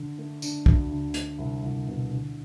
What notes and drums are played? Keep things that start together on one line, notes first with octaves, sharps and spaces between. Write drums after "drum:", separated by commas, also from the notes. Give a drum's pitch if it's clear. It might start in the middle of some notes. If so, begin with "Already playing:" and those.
Already playing: D3
A3
D4, drum: tambourine
D2, drum: kick
D3
A3, drum: hi-hat
C2
C2
B2
D3